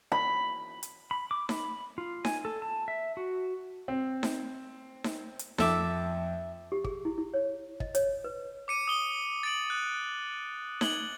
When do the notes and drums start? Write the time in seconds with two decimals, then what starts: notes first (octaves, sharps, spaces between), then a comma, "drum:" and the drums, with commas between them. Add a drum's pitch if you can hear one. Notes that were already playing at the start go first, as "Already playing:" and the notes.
0.12 B5
0.83 drum: hi-hat
1.11 B5
1.31 D6
1.49 B5, drum: snare D#4
1.98 F4
2.25 G#5, drum: snare D#4
2.45 A4
2.62 A5
2.88 E5
3.17 F#4
3.88 C4
4.23 drum: snare D#4
5.04 drum: snare D#4
5.39 drum: hi-hat
5.58 F2 A4 E5 D6, drum: snare D#4
6.72 G4
6.84 G#4, drum: kick
7.05 E4
7.18 E4
7.34 C#5
7.80 D#5, drum: kick
7.95 C#5, drum: hi-hat
8.24 B4
8.68 D6 C#7 D#7
8.87 D#6 G7
9.43 A6 D7 F#7
9.70 F#6
10.81 G#6 F#7 G7, drum: snare D#4